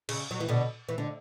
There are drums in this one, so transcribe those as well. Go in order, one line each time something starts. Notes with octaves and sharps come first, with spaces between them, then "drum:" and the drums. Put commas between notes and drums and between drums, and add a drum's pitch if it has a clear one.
C#3, drum: cymbal
F#3
E3
B2 D3
E3
D3